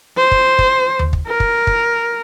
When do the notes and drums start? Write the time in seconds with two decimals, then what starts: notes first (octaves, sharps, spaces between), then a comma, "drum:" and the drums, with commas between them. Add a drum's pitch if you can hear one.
0.18 C5
0.31 drum: kick
0.59 drum: kick
0.99 drum: tom D#2
1.13 drum: kick
1.27 A#4
1.40 drum: kick
1.67 drum: kick